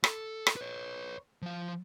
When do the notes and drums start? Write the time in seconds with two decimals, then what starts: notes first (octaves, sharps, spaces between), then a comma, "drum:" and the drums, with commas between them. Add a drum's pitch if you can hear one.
0.04 A4, drum: rim click
0.47 drum: rim click
0.57 B4 C#5
1.42 F3 F5